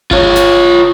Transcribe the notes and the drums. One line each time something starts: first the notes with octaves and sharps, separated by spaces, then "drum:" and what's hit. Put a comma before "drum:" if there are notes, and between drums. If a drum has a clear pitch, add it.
F4 C#5, drum: kick G1
drum: snare